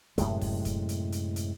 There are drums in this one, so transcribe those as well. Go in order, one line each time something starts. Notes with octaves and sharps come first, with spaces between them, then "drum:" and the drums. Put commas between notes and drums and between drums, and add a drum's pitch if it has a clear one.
F#2 A2 C3 G#3, drum: kick, hi-hat
drum: kick, open hi-hat
drum: kick, hi-hat
drum: hi-hat
drum: hi-hat
drum: hi-hat